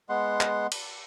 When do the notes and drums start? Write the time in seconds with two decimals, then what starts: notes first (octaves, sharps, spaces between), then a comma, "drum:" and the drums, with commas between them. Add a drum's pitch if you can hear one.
0.09 G#3 B3 F#5 C6
0.41 drum: clap
0.72 drum: cymbal